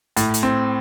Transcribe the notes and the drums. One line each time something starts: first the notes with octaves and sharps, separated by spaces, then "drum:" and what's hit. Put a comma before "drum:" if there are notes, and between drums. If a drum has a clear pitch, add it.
A2, drum: hi-hat
drum: hi-hat
C4